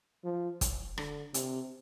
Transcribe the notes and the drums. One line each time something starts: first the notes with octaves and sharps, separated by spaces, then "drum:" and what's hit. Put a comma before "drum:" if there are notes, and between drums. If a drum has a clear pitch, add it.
F3
drum: kick, hi-hat
D3, drum: rim click
C3, drum: hi-hat